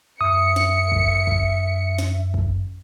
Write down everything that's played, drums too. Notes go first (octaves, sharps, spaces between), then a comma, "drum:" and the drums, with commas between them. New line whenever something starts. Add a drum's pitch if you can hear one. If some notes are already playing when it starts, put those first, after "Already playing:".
F#2 E5 D#6 C#7
drum: snare
drum: kick
drum: kick
drum: snare
drum: kick